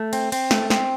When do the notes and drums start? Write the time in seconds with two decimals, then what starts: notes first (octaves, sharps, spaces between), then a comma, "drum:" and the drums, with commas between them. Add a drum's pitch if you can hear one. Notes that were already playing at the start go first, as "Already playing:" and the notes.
Already playing: A3
0.13 C4, drum: cymbal
0.32 C4, drum: cymbal
0.51 A3, drum: snare
0.70 C4, drum: snare